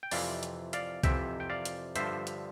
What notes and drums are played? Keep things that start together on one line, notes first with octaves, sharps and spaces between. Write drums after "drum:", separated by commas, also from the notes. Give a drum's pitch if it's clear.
G5
F2 C3 E3 D5 F5, drum: open hi-hat
drum: hi-hat
D5 F5, drum: hi-hat
F2 C3 E3 E5 G5, drum: kick B1, hi-hat
G5
D5 F5
drum: hi-hat
G2 D3 F3 C5 E5, drum: hi-hat
drum: hi-hat